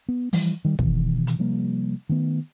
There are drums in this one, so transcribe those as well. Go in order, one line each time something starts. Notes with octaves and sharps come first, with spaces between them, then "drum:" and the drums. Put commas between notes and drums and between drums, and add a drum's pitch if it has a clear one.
B3
E3 F3 G3, drum: open hi-hat
D#3 G3
B2 D#3 E3, drum: kick
drum: hi-hat
C3 F3 G3 A#3
D#3 A3 B3